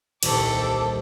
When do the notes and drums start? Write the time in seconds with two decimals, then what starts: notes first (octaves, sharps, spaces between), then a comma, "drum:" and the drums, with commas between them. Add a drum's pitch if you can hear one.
0.23 D#1 C2 A4 D6, drum: cymbal